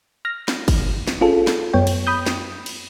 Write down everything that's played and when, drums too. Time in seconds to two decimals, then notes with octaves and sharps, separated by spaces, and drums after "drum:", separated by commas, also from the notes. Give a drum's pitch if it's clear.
0.25 F6 A#6
0.48 drum: snare
0.68 drum: kick, cymbal
1.08 drum: snare
1.21 C#4 F4 G#4 A4
1.47 drum: snare
1.73 F#2 B3 C#5 G5
1.87 drum: cymbal
2.07 B5 D#6 G6
2.26 drum: snare
2.66 drum: cymbal